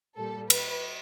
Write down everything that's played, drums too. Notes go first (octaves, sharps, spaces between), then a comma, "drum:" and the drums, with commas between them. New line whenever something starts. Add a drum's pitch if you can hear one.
A#2 G3 A4
B4, drum: cymbal